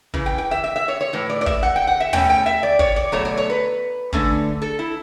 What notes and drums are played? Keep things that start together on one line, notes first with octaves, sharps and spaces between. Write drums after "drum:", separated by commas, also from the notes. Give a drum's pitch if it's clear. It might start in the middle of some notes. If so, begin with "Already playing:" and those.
C#3 E3, drum: kick
G5
G5
E5
E5
E5
C#5
C#5
A2 E3
D5
D5
E5, drum: kick
F#5
G5
F#5
E5
B2 A3 C#4 G5, drum: tom
G5
E5
D5
C#5, drum: kick
D5
B2 F#3 A3 C#5
D5
C#5
B4
D3 A3 C#4, drum: kick
A4
E4